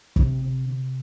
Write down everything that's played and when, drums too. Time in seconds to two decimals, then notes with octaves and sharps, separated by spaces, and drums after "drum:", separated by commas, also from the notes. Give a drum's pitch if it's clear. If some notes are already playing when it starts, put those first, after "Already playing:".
0.16 C3, drum: kick
0.41 C3
0.66 C3